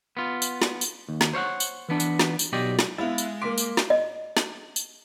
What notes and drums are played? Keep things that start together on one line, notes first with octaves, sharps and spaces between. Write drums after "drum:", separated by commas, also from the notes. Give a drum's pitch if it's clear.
B3 F4
drum: tambourine
drum: snare
drum: tambourine
D#2
drum: snare
C5 C#5 F5 F#5
drum: tambourine
E3 B3 D4
drum: tambourine
drum: snare
drum: tambourine
B1 B2 G4 D5 D#5
drum: snare
G#3 B3 E4 F5 A6
drum: tambourine
A#3 C6 D6 B6 D7
drum: tambourine
drum: snare
D#5
drum: snare
drum: tambourine